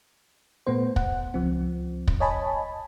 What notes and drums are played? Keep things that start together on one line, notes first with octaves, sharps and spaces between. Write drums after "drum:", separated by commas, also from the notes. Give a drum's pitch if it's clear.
A#2 A3 B3 C5
F#5, drum: kick
C#2 F3 C4
drum: kick
C#5 D#5 G#5 A5 B5